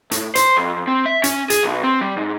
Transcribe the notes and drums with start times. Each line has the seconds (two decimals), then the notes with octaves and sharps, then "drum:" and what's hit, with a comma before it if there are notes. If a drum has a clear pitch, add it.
0.11 A2, drum: hi-hat
0.35 C5, drum: hi-hat
0.57 F2
0.87 C4
1.06 E5
1.24 C#4, drum: hi-hat
1.50 G#4, drum: hi-hat
1.63 B1
1.83 C4
2.01 G3
2.17 G#2